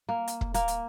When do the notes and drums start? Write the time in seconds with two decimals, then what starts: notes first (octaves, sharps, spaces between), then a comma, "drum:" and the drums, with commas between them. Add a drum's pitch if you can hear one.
0.09 A#3
0.28 drum: hi-hat
0.41 drum: kick
0.54 A#3, drum: hi-hat
0.68 drum: hi-hat